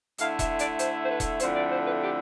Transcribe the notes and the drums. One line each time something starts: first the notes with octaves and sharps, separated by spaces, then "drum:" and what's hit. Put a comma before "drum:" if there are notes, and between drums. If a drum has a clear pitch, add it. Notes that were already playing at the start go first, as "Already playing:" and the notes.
D3 A3 E4 F5, drum: hi-hat
E5, drum: kick E1, hi-hat
D5, drum: hi-hat
C5, drum: hi-hat
C5
B4
drum: kick E1, hi-hat
F2 D3 A3 E4 C5, drum: hi-hat
D5
C5
B4
G4